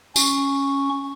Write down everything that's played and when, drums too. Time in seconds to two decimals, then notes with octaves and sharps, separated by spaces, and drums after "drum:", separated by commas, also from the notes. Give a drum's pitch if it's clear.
0.16 C#4 C#6, drum: tambourine